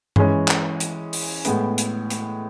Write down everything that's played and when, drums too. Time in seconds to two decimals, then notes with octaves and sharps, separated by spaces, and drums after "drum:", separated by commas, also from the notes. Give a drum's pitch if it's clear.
0.16 E3 G#3 C#4, drum: tom G2
0.48 drum: clap
0.80 drum: hi-hat
1.13 drum: open hi-hat
1.45 A2 G#3 B3, drum: hi-hat
1.78 drum: hi-hat
2.10 drum: hi-hat